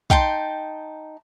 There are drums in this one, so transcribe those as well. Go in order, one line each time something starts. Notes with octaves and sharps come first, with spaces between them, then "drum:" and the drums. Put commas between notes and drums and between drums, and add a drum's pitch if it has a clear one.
D#4 G5 A5 C6, drum: kick